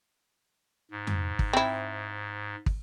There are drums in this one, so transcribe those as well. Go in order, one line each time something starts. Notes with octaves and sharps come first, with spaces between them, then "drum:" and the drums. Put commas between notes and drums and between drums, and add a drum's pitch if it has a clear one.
G#2
drum: tom F2
drum: kick
C4 E4
drum: kick